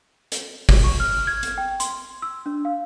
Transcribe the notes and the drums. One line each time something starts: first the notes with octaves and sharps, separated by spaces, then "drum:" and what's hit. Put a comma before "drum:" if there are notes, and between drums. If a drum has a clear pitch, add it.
drum: hi-hat
drum: kick G1, open hi-hat
C#6
F6
G#6
drum: hi-hat
G5
C6, drum: hi-hat
E6
D4
F5